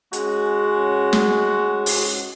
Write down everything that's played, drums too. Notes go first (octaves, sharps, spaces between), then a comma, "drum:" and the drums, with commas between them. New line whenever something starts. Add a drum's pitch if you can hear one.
G#3 C#4 F#4, drum: hi-hat
drum: snare
drum: open hi-hat